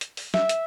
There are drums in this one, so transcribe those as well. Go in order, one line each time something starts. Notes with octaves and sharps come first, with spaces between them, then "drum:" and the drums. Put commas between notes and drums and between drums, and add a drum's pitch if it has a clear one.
drum: hi-hat
drum: open hi-hat
E5, drum: snare
drum: hi-hat